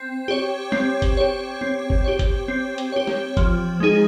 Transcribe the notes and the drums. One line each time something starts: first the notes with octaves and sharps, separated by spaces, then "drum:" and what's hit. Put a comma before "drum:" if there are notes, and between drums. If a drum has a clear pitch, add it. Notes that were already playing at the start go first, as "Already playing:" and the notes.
Already playing: C4
G4 C#5
C4, drum: snare
drum: kick, hi-hat
G4 C#5
C4
drum: kick
G4 C#5
drum: kick, hi-hat
C4
drum: hi-hat
G4 C#5
drum: snare
F3, drum: kick, hi-hat
G#3 D#4 G#4